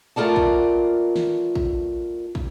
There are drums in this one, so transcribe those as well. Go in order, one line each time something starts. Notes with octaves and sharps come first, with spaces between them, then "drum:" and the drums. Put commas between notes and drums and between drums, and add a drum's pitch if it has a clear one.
A3 B3 F4 A#4 D5 A5
drum: kick
drum: snare
drum: kick
drum: kick